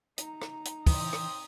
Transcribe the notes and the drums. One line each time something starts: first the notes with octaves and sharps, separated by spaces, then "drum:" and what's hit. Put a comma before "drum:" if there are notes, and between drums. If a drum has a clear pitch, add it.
D#4 A#5, drum: hi-hat
drum: rim click
drum: hi-hat
E3 C4 D#6, drum: kick, open hi-hat
drum: rim click